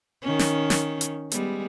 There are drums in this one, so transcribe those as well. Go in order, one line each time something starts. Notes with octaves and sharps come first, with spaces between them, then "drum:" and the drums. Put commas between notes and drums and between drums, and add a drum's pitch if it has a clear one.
D#3 C#4
drum: snare
drum: snare
drum: hi-hat
G3 G#3 B3, drum: hi-hat